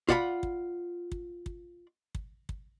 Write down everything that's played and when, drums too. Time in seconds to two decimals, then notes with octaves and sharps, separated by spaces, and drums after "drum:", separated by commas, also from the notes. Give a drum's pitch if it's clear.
0.09 F4 D5 F#5 A5 B5, drum: kick
0.43 drum: kick
1.12 drum: kick
1.46 drum: kick
2.15 drum: kick
2.49 drum: kick